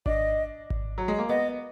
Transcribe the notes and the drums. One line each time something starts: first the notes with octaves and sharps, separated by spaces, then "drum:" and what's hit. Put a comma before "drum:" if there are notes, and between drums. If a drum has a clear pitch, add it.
D4 D#5, drum: kick G#1
drum: kick G#1
F#3
G#3
A#3
B3 D#5